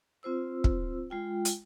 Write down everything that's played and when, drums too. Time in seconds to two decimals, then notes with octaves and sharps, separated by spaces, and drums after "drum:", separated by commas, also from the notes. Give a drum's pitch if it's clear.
0.23 C4 F4 C5 E6
0.64 drum: kick
1.10 G#3 F4 G5
1.45 drum: hi-hat